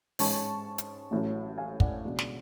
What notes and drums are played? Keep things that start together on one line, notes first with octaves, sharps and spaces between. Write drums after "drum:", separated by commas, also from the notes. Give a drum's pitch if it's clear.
G#2 G#3 C#4 A5 C#6, drum: open hi-hat
drum: hi-hat
A1 A2 F#3 C#4
F5 G#5
D5 F#5, drum: kick
C#2 B2 G#3 D4
drum: snare